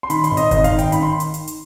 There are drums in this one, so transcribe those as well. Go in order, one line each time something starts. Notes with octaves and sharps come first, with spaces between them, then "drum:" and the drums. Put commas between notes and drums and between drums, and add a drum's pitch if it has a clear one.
C6
D#3 B5, drum: hi-hat
C6, drum: hi-hat
G#1
D#5, drum: hi-hat
G#1 D#5, drum: kick F#1, hi-hat
F5, drum: hi-hat
D#3
G5, drum: hi-hat
D#3 B5, drum: hi-hat
C6
drum: hi-hat
drum: hi-hat
drum: hi-hat